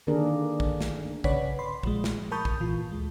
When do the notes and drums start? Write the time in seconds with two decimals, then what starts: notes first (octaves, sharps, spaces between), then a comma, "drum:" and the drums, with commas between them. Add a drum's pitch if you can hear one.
0.07 D3 D#3 A#3 D4 G#4 A#4
0.60 drum: kick
0.81 drum: snare
1.24 C#3 B4 C#5 D5 F#5 B6, drum: kick
1.59 D5 B5 C6
1.83 A#2 F3 G#3, drum: kick
2.04 drum: snare
2.31 A#4 A5 B5 C#6 D#6 G6
2.45 drum: kick
2.61 A#2 E3 F4
2.92 D2 G#3